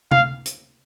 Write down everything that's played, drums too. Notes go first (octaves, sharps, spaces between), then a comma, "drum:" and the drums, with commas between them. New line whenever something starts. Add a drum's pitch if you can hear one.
F5, drum: tom C3
drum: hi-hat